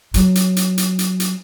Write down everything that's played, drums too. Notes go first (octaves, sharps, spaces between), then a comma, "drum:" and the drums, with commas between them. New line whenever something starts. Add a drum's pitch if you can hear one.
F#3, drum: hi-hat
drum: hi-hat
drum: hi-hat
drum: hi-hat
drum: hi-hat
drum: hi-hat